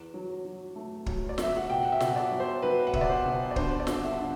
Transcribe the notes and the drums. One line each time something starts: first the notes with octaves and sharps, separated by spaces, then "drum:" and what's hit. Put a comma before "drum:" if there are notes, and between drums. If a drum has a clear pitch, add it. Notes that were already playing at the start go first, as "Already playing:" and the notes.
Already playing: E2
F#3
F#3
A3
F#3, drum: kick
D5
F#3 E5, drum: snare
F#5
B2 G5
F#5
E5
B2, drum: snare
D5
F#3
C5
F#3 B4
F#5
B2 E5, drum: kick
D5
C5
B2
D5
D3 C5, drum: kick
D5
G2, drum: snare
F#5
E5
D3